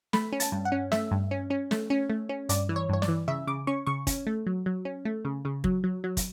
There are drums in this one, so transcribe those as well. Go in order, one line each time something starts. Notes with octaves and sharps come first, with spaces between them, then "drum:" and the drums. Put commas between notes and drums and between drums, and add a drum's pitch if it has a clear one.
A3 B5, drum: snare
C#4
A5, drum: hi-hat
G2
F#5
C#4
A3 E5, drum: snare
G2
C#4
C#4
A3, drum: snare
C#4
A3
C#4
G2 D5, drum: hi-hat
E3
C#5
G2 C#5
D5, drum: snare
E3
C#3 E5
C#3 D6
C#4 C#6
C#3 C#6
C#4, drum: kick, hi-hat
A3
F#3
F#3
C#4
A3
C#3
C#3
F#3, drum: kick
F#3
F#3
drum: kick, hi-hat